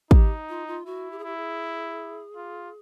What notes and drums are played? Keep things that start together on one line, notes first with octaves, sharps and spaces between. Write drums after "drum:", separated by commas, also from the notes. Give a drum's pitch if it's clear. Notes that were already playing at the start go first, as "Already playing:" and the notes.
D#4 G4, drum: kick
F4
F4
E4 F#4
G4
G#4
E4 G4
G#4
F4